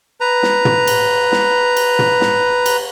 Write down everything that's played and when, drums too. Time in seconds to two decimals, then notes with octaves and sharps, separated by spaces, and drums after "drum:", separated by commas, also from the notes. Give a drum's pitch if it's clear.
0.21 B4 A#5
0.43 drum: snare
0.65 drum: tom
0.87 drum: cymbal
1.32 drum: snare
1.77 drum: cymbal
1.99 drum: tom
2.21 drum: snare
2.66 drum: cymbal